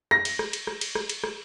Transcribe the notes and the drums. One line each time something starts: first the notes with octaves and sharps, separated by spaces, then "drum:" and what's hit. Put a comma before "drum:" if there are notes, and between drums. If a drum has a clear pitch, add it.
A#6, drum: rim click
drum: cymbal
drum: rim click
drum: cymbal
drum: rim click
drum: cymbal
drum: rim click
drum: cymbal
drum: rim click